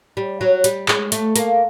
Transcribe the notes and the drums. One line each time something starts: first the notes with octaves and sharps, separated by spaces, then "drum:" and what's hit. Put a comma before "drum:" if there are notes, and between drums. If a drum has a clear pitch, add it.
G3
F#3
G3, drum: hi-hat
G#3, drum: clap
A3, drum: hi-hat
A#3, drum: hi-hat